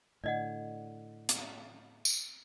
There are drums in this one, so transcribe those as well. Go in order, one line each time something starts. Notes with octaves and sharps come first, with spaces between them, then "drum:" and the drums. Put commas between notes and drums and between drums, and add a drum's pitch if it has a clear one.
A2 D3 D5 D#5 F#5
drum: hi-hat
drum: tambourine